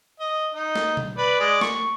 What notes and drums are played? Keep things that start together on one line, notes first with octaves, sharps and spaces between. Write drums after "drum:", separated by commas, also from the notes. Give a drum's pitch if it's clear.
D#5
D#4
drum: snare
drum: tom B2
B4 D5
G#3 D5
C#6, drum: snare